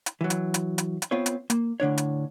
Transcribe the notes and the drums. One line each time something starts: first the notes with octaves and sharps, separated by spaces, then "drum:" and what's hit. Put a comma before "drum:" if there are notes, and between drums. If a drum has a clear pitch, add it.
drum: hi-hat
E3 F#3
drum: hi-hat
drum: hi-hat
drum: hi-hat
drum: hi-hat
B3 C4 F4 B4 C#5
drum: hi-hat
A#3, drum: hi-hat
A2 D3 D4 C#5
drum: hi-hat